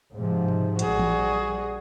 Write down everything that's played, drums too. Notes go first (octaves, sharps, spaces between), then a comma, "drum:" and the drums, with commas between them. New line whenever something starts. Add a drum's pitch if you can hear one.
G#2 C3 F3
drum: tom B2
A#1 G3 F#4 G#4, drum: hi-hat
drum: tom E3